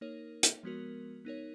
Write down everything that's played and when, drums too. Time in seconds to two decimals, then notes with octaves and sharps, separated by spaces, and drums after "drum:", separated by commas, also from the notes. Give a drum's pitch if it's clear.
0.01 A#3 D#4 A#4 C#5
0.43 drum: hi-hat
0.63 F3 G#3 B3 F#4 A#4
1.25 B3 D#4 A#4 C#5